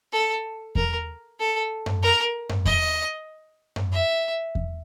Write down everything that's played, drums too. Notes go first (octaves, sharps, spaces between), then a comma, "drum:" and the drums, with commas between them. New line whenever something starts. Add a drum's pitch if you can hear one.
A4
A#4, drum: kick E2
A4
drum: tom F#2
A#4
drum: tom F#2
D#5, drum: kick E2
drum: tom F#2
E5
drum: kick E2